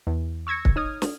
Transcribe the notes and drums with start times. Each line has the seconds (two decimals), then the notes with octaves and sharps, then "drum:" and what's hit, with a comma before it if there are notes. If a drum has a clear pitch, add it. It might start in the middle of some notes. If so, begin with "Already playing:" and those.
0.07 E2
0.47 C#6 E6 G#6 A#6 C#7
0.65 drum: kick
0.76 D#4 C#5 D#6 F6 G#6
1.02 drum: snare